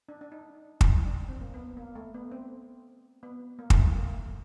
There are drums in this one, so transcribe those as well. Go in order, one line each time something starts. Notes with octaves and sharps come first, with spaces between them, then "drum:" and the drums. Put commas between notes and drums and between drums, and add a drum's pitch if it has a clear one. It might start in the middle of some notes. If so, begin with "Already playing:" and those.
D4
D4
D#4
drum: kick
D4
C4
A#3
B3
A#3
A3
B3
C4
B3
A#3
A3, drum: kick
A#3
A#3